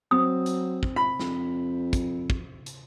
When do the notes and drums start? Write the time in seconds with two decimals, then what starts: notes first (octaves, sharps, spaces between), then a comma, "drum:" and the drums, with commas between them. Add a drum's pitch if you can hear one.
0.11 F#3 C4 D#6
0.46 drum: hi-hat
0.83 drum: kick
0.96 B5
1.19 F2, drum: snare
1.93 drum: kick, hi-hat
2.30 drum: kick
2.66 drum: hi-hat